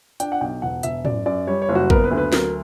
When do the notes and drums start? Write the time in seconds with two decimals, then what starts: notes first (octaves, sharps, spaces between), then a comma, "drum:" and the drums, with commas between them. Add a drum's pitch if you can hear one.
0.20 D4 G5, drum: hi-hat
0.32 F#5
0.41 B1 G5
0.62 E1 F#5
0.83 E1 E5, drum: hi-hat
1.05 F#2 D5, drum: tom
1.26 F#2 D5
1.47 G3 C#5
1.62 C#5
1.69 F#1
1.75 F#4
1.90 B3 A#4, drum: kick A1
2.04 B4
2.11 D2
2.18 B4
2.32 F#3 A#4, drum: snare